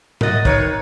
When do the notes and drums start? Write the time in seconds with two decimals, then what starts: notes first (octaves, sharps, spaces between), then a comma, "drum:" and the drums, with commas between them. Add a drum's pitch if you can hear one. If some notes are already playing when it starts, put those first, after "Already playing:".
0.21 F#3 A#4 D#5 F#6 A6, drum: tom G#2
0.45 D#3 B4 C#5, drum: kick